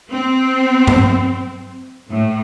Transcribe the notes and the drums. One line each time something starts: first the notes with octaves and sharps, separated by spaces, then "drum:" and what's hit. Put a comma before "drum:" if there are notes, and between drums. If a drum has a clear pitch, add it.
C4
drum: tom G2
A2